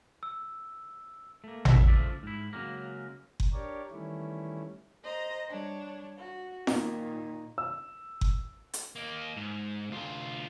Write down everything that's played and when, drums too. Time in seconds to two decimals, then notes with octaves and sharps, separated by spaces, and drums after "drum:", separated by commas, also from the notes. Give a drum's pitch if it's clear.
0.23 E6
1.44 A3 A#3
1.65 C2 F#3 A#3 B3 E5, drum: tom A1
1.88 C#3 F3 A3 D5 E5
2.23 G#2 E4
2.53 C#3 F#3 G#3 A#3
3.40 drum: kick F#1
3.53 D4 G4 A#4 C#5 D5
3.91 D#3 E3 G3 A3 C#4 E4
5.03 C5 D#5 A#5
5.50 G3 D4 C#5
6.17 F#4
6.67 A#2 D#3 D#4, drum: snare F4
7.58 E6
8.21 drum: kick F#1
8.73 drum: hi-hat
8.95 A#3 D#4
9.37 G#2
9.91 D2 F4